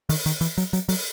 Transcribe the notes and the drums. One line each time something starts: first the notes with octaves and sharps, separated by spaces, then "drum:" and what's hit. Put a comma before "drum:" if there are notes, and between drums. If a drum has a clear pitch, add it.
D#3, drum: open hi-hat
D#3, drum: hi-hat
E3, drum: hi-hat
F#3, drum: hi-hat
F#3, drum: hi-hat
F#3, drum: open hi-hat